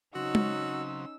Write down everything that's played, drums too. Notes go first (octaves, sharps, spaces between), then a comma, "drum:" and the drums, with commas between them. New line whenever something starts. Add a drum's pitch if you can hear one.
C#3 F#3 C4 C#4 D#4 F#4 E6
drum: tom G#3